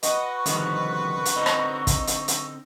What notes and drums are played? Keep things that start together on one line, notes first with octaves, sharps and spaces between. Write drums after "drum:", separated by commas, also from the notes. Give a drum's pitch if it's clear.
F#4 B4 D#5 F#5 C#6, drum: hi-hat
C2 D3 D#3 F3, drum: hi-hat
drum: hi-hat
D3 C4 D#4 D#5
drum: rim click
drum: kick, hi-hat
drum: hi-hat
drum: hi-hat